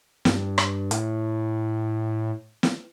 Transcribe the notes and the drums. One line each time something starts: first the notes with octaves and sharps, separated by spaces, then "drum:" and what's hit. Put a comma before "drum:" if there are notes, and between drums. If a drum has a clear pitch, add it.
G2, drum: snare
drum: rim click
A2, drum: hi-hat
drum: snare